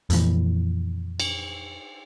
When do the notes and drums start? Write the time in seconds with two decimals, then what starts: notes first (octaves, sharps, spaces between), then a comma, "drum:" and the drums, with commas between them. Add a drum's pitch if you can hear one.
0.10 F2 A#2 E3, drum: hi-hat
1.20 drum: cymbal